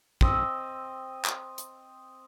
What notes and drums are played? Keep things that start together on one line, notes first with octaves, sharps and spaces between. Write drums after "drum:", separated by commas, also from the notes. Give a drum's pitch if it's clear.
C4 D#5 E6, drum: kick
drum: clap
drum: hi-hat